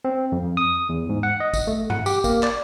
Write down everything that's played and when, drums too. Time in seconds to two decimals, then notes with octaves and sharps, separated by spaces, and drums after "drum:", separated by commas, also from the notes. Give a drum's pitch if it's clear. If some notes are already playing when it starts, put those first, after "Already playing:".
0.05 C4
0.32 F2
0.57 D#6
0.89 E2
1.09 G#2
1.23 F#5
1.40 D#5
1.53 drum: kick, tambourine
1.67 A3
1.90 F#5, drum: tom G2
2.06 G4, drum: tambourine
2.24 A#3, drum: kick, tambourine
2.43 D5, drum: clap